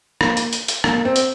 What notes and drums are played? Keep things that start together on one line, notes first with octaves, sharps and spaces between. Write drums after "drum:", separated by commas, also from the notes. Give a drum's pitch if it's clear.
A#3, drum: rim click
drum: hi-hat
drum: hi-hat
drum: hi-hat
A#3, drum: rim click
A#3
C4
drum: hi-hat